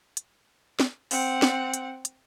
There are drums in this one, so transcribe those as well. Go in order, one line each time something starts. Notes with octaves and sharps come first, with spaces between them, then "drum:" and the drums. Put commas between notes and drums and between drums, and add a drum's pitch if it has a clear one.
drum: hi-hat
drum: snare
C4 F#5, drum: open hi-hat
drum: snare
drum: hi-hat
drum: hi-hat